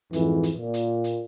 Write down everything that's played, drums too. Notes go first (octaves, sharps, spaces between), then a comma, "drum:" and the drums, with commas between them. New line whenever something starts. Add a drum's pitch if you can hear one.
F2 G#2 E3, drum: hi-hat
drum: hi-hat
A#2
drum: hi-hat
drum: hi-hat